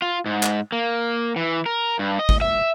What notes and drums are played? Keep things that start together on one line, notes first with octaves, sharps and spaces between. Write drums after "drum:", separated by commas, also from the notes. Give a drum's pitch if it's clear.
F4
G#2
drum: clap
A#3
E3
A#4
G2
D#5
drum: kick G#1
E5